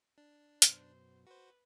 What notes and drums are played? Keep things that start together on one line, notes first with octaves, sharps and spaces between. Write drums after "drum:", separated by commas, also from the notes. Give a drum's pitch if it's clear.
D4
F#2 B2 C5, drum: hi-hat
F#4 B4 C5